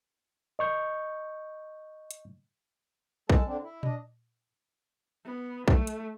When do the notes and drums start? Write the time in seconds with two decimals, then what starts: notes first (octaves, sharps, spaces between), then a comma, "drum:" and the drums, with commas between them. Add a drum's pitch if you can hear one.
0.59 D#5 C#6 G6
2.11 drum: hi-hat
3.30 G#3 A4 A5, drum: kick B1
3.46 D3 C4 D4
3.63 E4
3.83 D4 D#5, drum: tom A#2
5.25 B3
5.68 A3, drum: kick B1
5.87 drum: hi-hat